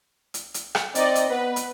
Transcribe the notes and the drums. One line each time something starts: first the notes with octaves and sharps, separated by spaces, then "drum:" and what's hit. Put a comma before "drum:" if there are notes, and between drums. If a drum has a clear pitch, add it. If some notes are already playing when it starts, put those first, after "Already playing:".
drum: hi-hat
drum: hi-hat
drum: rim click
C4 D#4 D5 D#5, drum: hi-hat
drum: hi-hat
B3 B4
drum: hi-hat